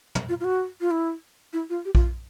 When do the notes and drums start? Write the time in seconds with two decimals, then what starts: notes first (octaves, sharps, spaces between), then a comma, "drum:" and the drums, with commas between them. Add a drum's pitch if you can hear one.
0.15 drum: tom
0.29 F4
0.40 F4
0.44 F#4
0.81 F4
0.91 E4
1.53 E4
1.70 F4
1.85 G4
1.95 F4, drum: kick A#1